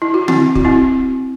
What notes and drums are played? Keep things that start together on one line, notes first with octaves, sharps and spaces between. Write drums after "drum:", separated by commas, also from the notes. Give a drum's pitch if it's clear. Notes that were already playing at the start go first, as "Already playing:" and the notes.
E4
F#4
C4 E4, drum: tom D3
F#4, drum: kick
C4 E4